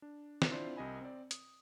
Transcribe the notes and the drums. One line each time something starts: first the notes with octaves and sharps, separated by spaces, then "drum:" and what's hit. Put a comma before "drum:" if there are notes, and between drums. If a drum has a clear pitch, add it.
D4
drum: snare
C4 D4 E4 F4 C5 D5
C2 C3 D#5 G#5 B5
C4 D5
D#6, drum: hi-hat